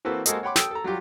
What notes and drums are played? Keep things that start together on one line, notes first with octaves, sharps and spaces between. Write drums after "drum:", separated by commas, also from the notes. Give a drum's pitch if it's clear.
E3 A#3 C4 F#4 A4 B4
G#3 A#3 F#4 A4 C5 D#5, drum: hi-hat
C#5 F#5 G5 B5 C6 D6
A4 G5 D#6 E6, drum: snare
A4 A#5
F#3 G3 F4 G4